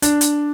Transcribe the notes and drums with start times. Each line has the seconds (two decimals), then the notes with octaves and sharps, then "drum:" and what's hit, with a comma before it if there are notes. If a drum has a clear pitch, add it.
0.02 D4, drum: hi-hat
0.21 drum: hi-hat